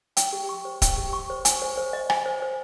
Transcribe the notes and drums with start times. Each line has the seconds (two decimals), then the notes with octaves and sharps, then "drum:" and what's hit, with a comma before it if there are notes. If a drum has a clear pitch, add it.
0.17 G5, drum: hi-hat
0.33 G4
0.49 C#6
0.65 C5
0.82 G5, drum: kick D#1, hi-hat
0.98 G4
1.13 C#6
1.30 C5
1.45 G#5, drum: hi-hat
1.62 C5
1.78 C5
1.93 D#5
2.10 G#5, drum: rim click
2.26 C5
2.42 C5